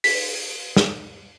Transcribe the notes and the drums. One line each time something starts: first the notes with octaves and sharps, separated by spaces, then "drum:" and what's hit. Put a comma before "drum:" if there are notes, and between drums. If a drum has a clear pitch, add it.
B6, drum: open hi-hat
drum: snare